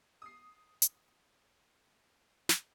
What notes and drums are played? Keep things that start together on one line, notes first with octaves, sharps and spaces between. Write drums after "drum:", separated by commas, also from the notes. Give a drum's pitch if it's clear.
D#6 C7
drum: hi-hat
drum: snare